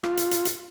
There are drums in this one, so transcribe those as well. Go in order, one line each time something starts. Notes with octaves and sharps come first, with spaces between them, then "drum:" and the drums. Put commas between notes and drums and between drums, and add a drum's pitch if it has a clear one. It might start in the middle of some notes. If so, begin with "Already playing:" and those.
F4, drum: rim click
drum: hi-hat
drum: hi-hat
drum: hi-hat